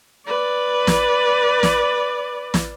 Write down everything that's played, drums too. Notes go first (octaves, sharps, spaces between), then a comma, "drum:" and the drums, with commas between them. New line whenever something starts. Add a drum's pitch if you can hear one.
B4 D5
drum: snare
drum: snare
drum: snare